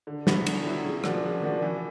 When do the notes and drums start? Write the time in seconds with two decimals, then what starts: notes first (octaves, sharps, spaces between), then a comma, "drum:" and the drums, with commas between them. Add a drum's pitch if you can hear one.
0.07 D3
0.27 F#3 B3 E4, drum: snare
0.46 D3, drum: cymbal
0.66 F#3 B3 E4
0.84 C#3
1.04 F3 A#3 D4 F#4, drum: rim click
1.24 C#3
1.42 F3 A#3 D4 F#4
1.62 E3